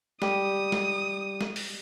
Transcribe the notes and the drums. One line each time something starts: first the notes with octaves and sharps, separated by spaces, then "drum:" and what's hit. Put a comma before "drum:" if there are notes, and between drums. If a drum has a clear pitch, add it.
G3 G4 D#6, drum: snare
drum: snare
drum: snare
drum: open hi-hat